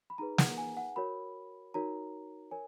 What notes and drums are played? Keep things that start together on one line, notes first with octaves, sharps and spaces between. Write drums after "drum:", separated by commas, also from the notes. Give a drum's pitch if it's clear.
B5
D#4 G#4 B4 A#5
F#5, drum: snare
G#5
F#5
F#4 A#4 C#5 B5
D#4 F#4 A#4 C#5 A#5
A#4 C#5 G#5